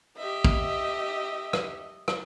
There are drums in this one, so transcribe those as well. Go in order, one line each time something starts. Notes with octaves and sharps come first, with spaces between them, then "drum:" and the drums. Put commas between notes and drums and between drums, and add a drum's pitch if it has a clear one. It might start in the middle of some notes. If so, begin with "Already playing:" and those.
G4 D#5 E5
drum: kick
drum: rim click
drum: rim click